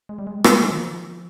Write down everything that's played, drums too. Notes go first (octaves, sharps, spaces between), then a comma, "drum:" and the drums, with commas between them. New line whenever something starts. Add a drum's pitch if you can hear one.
G#3
G3
G#3
G#3, drum: rim click
F3
D#3
F3